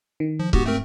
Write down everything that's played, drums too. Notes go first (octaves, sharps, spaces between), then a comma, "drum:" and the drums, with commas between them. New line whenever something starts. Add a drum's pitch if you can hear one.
D#3
F3
G#2 B3 F#4 G4, drum: kick C#1
A3 C4 A#4